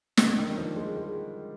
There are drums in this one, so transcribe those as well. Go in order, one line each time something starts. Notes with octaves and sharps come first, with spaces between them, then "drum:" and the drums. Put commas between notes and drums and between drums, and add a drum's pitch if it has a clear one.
D3, drum: snare
D3
D#3
G3
F3
G#3
G#3